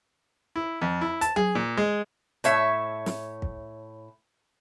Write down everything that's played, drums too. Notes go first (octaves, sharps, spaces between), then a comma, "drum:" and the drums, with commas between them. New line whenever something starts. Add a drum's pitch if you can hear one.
E4
F2
E4
A5, drum: hi-hat
G#4, drum: tom F#3
A#2
G#3
A2 C#5 E5, drum: hi-hat
drum: snare
drum: kick